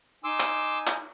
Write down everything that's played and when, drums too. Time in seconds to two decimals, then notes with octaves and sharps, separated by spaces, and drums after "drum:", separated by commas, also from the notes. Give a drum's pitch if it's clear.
0.24 D#4 G#5 C6 D6 E6
0.40 drum: clap
0.87 drum: clap